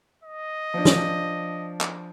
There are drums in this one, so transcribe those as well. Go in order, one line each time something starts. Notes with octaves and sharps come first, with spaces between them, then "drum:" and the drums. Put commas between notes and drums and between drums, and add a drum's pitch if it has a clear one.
D#5
F3 D4
drum: snare
drum: clap